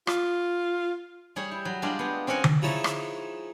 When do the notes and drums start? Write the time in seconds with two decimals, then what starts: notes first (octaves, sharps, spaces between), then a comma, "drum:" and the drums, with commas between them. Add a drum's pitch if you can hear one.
0.07 F4, drum: rim click
1.36 G3 G#4 C#5
1.51 E4
1.65 F#3
1.82 G3 G#3 D4 F4
1.99 B3 G#4
2.27 C4 C#4 D#5 F#5 G#5
2.44 drum: tom D3
2.62 F3 G#3 D#4 E4 C#5 A5
2.84 drum: rim click